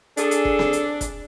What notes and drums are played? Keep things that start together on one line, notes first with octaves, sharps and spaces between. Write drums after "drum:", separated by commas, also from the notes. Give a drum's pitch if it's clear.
D4 G#4 A4, drum: hi-hat
drum: hi-hat
drum: kick
drum: snare C4
drum: hi-hat
drum: kick, hi-hat